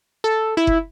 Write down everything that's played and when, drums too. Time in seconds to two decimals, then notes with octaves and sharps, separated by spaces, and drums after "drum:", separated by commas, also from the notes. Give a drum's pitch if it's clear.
0.24 A4
0.57 E4
0.67 drum: kick F#1